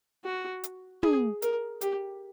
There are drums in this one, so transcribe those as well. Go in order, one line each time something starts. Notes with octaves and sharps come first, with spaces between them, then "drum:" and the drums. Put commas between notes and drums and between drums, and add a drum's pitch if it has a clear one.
F#4
drum: hi-hat
G#4, drum: tom
A#4, drum: hi-hat
G4, drum: hi-hat